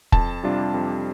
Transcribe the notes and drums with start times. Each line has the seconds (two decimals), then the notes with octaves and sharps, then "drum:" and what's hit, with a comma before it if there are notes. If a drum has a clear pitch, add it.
0.12 F2 A5, drum: kick
0.44 C3 G3 D4 F4
0.74 F2